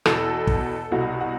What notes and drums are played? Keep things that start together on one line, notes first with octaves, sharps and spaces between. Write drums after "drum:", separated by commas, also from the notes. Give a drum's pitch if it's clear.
E2 B2 A4, drum: rim click
drum: kick
C2 B2 F#4
F#4